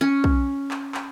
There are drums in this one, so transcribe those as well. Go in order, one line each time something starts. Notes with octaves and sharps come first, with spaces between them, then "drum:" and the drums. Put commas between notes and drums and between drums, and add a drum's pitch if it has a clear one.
C#4
drum: kick
drum: clap
drum: clap